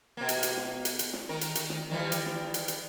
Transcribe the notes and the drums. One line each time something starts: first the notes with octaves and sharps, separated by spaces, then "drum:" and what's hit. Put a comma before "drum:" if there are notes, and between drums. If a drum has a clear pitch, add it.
B2 A#3
drum: hi-hat
drum: hi-hat
drum: snare
drum: hi-hat
drum: hi-hat
drum: snare
D#3 A#4
drum: hi-hat
D#3, drum: hi-hat
drum: snare
D#3 E3 G3
drum: hi-hat
drum: snare
drum: hi-hat
drum: hi-hat